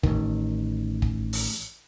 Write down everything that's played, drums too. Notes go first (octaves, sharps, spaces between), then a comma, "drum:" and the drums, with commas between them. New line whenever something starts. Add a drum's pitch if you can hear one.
A1 D#3, drum: kick
drum: kick
drum: open hi-hat